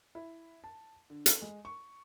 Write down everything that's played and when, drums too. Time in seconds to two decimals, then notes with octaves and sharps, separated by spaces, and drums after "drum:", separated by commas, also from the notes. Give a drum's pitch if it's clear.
0.15 E4
0.64 A5
1.10 D3
1.26 A4, drum: hi-hat
1.42 G#3
1.65 C#6